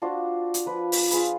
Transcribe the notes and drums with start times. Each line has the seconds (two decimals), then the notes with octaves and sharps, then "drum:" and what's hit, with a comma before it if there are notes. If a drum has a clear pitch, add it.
0.02 D4 F4 F#4 C5
0.54 drum: hi-hat
0.66 F3 B4
0.92 drum: open hi-hat
1.11 F4 G#4 B4, drum: hi-hat